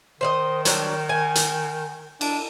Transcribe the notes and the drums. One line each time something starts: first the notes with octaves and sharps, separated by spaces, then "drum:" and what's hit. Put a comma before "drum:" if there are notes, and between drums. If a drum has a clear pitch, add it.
D#3 C5 D5 D#5
F#3 G3 D4, drum: hi-hat
G#5
drum: hi-hat
D4, drum: cymbal